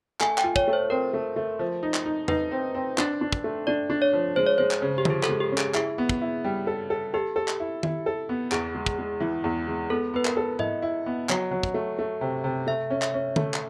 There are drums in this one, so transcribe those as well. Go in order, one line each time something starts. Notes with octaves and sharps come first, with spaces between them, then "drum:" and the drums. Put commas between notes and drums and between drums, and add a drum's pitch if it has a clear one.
A3 G#5, drum: clap
G5, drum: clap
F4
C#5, drum: kick
A3
C5
C4 A#4
A3
A3
F3
D#4
drum: clap
D#4
D#4 B4, drum: tom E2
C4
C4
D4, drum: clap
D4
drum: kick
A3
D4 D5
D4
C#5
F3
G#3 C5
C#5
G#3 C5
drum: clap
C#3
G4
F3 G#4, drum: tom D3
A4, drum: clap
G#3
G4
C#4
G#4, drum: clap
E4 G#4, drum: clap
B3
drum: kick
E4
G3
A4
A4
G4 A4
A4
drum: clap
E4
E4, drum: tom D#3
A4
B3
E2 G#4, drum: clap
G#3
drum: kick
G#3
E3
E2
G#3
B3 A4
B3 B4
A#4, drum: clap
A4
E4 D#5, drum: tom G#2
E4
B3
F#3, drum: clap
F#3
drum: kick
A3
A3
C3
C3
A3 E5
C#4
E5, drum: clap
C#4
A3, drum: tom D3
drum: clap